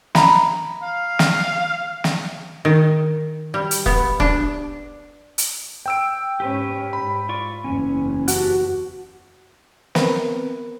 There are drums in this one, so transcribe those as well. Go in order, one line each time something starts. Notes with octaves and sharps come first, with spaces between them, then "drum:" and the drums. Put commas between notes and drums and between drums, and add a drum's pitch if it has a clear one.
A#5 B5, drum: snare
F5
drum: snare
drum: snare
D#3
G3
drum: hi-hat
B3, drum: kick E1
D4, drum: kick E1
drum: hi-hat
G5 E6 D7
G#2 C#4 G4 B4
G#2 B5
F4 D5 C#6
F#1 E2 C#4
F#4 G4 A5 F#6, drum: hi-hat
B3 C4 A#4 B4, drum: snare